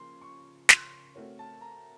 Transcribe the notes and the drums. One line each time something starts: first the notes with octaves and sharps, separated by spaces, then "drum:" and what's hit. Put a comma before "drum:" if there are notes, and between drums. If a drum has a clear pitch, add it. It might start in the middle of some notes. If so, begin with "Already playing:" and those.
Already playing: C#3 F3 A#3 C6
C#6
C6, drum: snare
A3 C4 F#4 A#4 C#5
A5
A#5